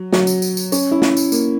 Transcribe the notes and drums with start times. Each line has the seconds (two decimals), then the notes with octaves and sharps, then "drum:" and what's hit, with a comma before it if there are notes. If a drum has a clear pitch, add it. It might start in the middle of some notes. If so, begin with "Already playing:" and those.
Already playing: F#3
0.13 F#3, drum: snare
0.27 drum: tambourine
0.42 drum: tambourine
0.57 drum: tambourine
0.72 C#4, drum: tambourine
0.91 E4
1.02 drum: snare
1.17 drum: tambourine
1.32 A#3, drum: tambourine